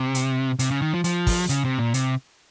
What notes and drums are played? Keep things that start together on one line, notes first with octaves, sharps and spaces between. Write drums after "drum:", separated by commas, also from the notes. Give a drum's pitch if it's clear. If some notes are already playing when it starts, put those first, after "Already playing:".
Already playing: C3
drum: hi-hat
C3, drum: hi-hat
C#3
D#3
F3
F3, drum: hi-hat
drum: kick, open hi-hat
C#3, drum: hi-hat
C3
A#2
C3, drum: hi-hat